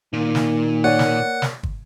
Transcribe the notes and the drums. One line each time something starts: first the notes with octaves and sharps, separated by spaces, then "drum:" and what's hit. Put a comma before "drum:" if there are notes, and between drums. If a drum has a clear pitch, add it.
A#2 D#3
drum: snare
A#3 C#5 D5 F#5
drum: snare
drum: snare
drum: kick